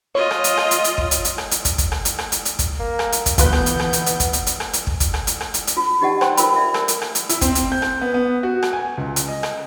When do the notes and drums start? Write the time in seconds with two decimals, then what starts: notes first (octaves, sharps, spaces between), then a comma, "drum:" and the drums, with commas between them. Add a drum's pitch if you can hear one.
0.15 F4 C#5 D#5
0.31 drum: rim click
0.44 drum: hi-hat
0.57 drum: rim click
0.71 drum: hi-hat
0.84 drum: hi-hat
0.98 drum: kick
1.11 drum: hi-hat
1.25 drum: hi-hat
1.38 drum: rim click
1.51 drum: hi-hat
1.65 drum: kick, hi-hat
1.78 drum: kick, hi-hat
1.92 drum: rim click
2.05 drum: hi-hat
2.18 drum: rim click
2.32 drum: hi-hat
2.45 drum: hi-hat
2.59 drum: kick, hi-hat
2.79 A#3
2.99 drum: rim click
3.12 drum: hi-hat
3.26 drum: kick, hi-hat
3.38 D2 B2 E3 B3 F4 B4 G6, drum: kick, hi-hat
3.53 drum: rim click
3.66 drum: hi-hat
3.79 drum: rim click
3.93 drum: hi-hat
4.06 drum: hi-hat
4.20 drum: kick, hi-hat
4.33 drum: hi-hat
4.47 drum: hi-hat
4.60 drum: rim click
4.73 drum: hi-hat
4.87 drum: kick
5.00 drum: kick, hi-hat
5.14 drum: rim click
5.27 drum: hi-hat
5.40 drum: rim click
5.54 drum: hi-hat
5.67 drum: hi-hat
5.77 F4
6.01 D#4 G4 D5 D#5 F#5 A5
6.21 C5 D5 G5 A5 A#5 C6, drum: rim click
6.37 F4 A#4 A5 B5, drum: hi-hat
6.56 D5 E5
6.74 A#4, drum: rim click
6.88 drum: hi-hat
7.01 drum: rim click
7.15 drum: hi-hat
7.29 E4, drum: hi-hat
7.41 C4, drum: kick, hi-hat
7.55 drum: hi-hat
7.72 G6
7.82 drum: rim click
8.01 B3
8.14 B3
8.43 F#4
8.62 drum: rim click
8.73 G#5
8.98 C#2
9.16 drum: hi-hat
9.28 D#5
9.43 drum: rim click